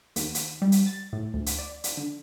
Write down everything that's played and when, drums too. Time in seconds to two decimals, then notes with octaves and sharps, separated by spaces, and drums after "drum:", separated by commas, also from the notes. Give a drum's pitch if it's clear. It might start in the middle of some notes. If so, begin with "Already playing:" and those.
0.16 D#2, drum: hi-hat
0.35 drum: hi-hat
0.62 G3
0.72 drum: hi-hat
0.86 A6
1.13 A2
1.34 D2
1.46 drum: hi-hat
1.59 D5
1.84 drum: hi-hat
1.97 D3